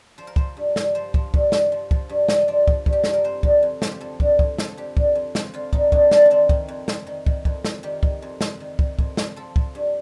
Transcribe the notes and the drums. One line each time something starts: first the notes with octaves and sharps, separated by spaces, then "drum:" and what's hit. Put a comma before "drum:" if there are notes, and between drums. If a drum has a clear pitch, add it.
F3 C5
A#4
F3 C5, drum: kick
G2
G2, drum: snare
F3 C5
F3, drum: kick
G2, drum: kick
G2, drum: snare
F3
F3, drum: kick
G2
G2, drum: snare
D#5
F3 D5
F3, drum: kick
G2, drum: kick
G4
G2 A4, drum: snare
A#4
F2 C5
D3, drum: kick
F2
F3, drum: snare
G4
F2 A4
D3, drum: kick
F2, drum: kick
F3, drum: snare
A4
F2 G4
D3, drum: kick
F2
F3, drum: snare
F2 F4
D3 D#4, drum: kick
F2 D4, drum: kick
F3 D4, drum: snare
D4
D#3 C4
D#3, drum: kick
F2
F2, drum: snare
D#3
D#3, drum: kick
F2, drum: kick
F2, drum: snare
D#3 G4
D#3, drum: kick
F2
F2, drum: snare
D#3
D#3, drum: kick
F2, drum: kick
F2, drum: snare
F3 A4
F3, drum: kick
G2